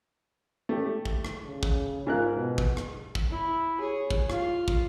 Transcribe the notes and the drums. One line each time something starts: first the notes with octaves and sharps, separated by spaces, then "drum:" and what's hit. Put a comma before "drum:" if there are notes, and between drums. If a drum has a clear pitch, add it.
A3 G4
drum: kick
drum: rim click
C#3
drum: kick
G#2 F4 A#4 F#6
B2
drum: kick
drum: rim click
drum: kick
E4
G#4 C#5
drum: kick
F4 F5, drum: rim click
drum: kick